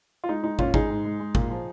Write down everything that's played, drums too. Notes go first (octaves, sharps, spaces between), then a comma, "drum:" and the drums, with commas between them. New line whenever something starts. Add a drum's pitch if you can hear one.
F4
G#3 D#4
G#3 D#4
A#2 C#4 F4, drum: kick
G#3 D#4 G#4, drum: kick
G#2
G#3
G#3
A#2, drum: kick
F3